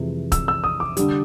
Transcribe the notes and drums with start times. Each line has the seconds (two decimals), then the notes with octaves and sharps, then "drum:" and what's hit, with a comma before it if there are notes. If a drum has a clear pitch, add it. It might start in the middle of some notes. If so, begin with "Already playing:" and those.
Already playing: F2 C3 E3 G#3
0.32 E6, drum: kick, hi-hat
0.48 E6
0.64 D#6
0.80 D6
0.97 D3 G3, drum: hi-hat